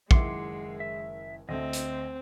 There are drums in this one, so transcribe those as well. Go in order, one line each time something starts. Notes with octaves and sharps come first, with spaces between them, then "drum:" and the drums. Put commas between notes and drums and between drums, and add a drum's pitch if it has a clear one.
F#1 D#3 G#3 E4 F#5 C6 D6, drum: kick
E5
D2 D3 A3 C4 D#5
drum: hi-hat